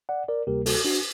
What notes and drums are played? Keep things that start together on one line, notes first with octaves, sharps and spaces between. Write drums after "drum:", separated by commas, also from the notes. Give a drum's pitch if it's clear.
D5 F#5
A#4 D5
D2 C3 G3 A#3 G4 A#4
F#4 A4, drum: open hi-hat
D4 F#4